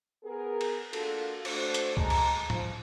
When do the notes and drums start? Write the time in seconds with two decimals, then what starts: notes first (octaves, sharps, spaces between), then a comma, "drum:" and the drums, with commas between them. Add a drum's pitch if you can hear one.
0.24 B3 G#4 A#4
0.61 drum: cymbal
0.93 A#3 D4 F4 F#4 A4, drum: cymbal
1.45 A3 D4 F#4 A4 C5, drum: cymbal
1.74 drum: hi-hat
1.97 G#3 A5 A#5, drum: kick C#2
2.10 drum: cymbal
2.50 F3, drum: tom A2